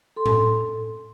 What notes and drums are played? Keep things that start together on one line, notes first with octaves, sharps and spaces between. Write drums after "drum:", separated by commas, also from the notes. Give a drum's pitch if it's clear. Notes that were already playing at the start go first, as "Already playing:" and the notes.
A4 C6
drum: tom A2